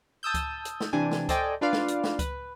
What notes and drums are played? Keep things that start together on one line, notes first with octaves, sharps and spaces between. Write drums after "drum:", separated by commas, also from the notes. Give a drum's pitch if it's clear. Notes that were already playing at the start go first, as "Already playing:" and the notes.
A5 D#6 E6 G6
drum: kick C#2, hi-hat
drum: hi-hat
drum: snare
C3 E3 D4 G4 G#5
drum: snare
A4 C5 D5 D#5 G5 G#5, drum: kick C#2, hi-hat
D4 F4 B4 D5 F5
drum: snare
drum: hi-hat
drum: snare
B4, drum: kick C#2, hi-hat